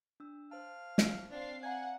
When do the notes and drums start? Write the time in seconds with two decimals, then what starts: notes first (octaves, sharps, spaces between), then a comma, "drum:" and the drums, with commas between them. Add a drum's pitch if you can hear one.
0.20 D4 E6
0.51 C5 F5 A5
0.98 drum: snare
1.30 C4 D4 F5 C7
1.63 D5 F5 F#5 G#5 A#5